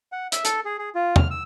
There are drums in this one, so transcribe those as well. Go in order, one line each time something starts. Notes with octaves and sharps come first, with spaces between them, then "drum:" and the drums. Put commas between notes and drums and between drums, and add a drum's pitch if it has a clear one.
F#5
E5, drum: hi-hat
A4, drum: hi-hat
G#4
G#4
F4
F6, drum: tom E2
E6